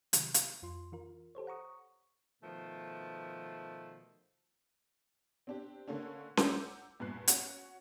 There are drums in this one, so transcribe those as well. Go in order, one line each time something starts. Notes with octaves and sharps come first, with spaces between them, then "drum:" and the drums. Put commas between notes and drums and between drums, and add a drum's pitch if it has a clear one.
C3 D#3 F#3, drum: hi-hat
F5, drum: hi-hat
F2 F4 C6
E3 F4 A#4
G4 A4 C5 C#5
F#5 A#5 C#6 D#6
B2 D#3 F3 A3
C4 D4 G4
D3 A3 A#3 C#4 D4
F#5 A#5 D6 E6 G6, drum: snare C#4
E2 G2 A#2 B4 F#6 C7
C#4 F#4 C#5 F#5, drum: hi-hat